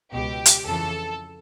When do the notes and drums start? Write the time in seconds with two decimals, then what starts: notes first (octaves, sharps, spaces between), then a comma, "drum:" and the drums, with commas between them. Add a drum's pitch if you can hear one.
0.13 C#2 B2 G4
0.46 drum: hi-hat
0.65 F2 C#3 E3 A4